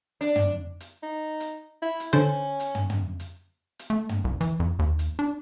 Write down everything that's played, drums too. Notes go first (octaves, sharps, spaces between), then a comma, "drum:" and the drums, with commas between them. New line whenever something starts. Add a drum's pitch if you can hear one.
D4, drum: hi-hat
drum: tom
drum: hi-hat
D#4
drum: hi-hat
E4
drum: hi-hat
D3 C#4 C5
drum: hi-hat
drum: tom
drum: tom
drum: hi-hat
drum: hi-hat
A3
drum: tom
C2
E3, drum: hi-hat
F2
D#2
drum: hi-hat
D4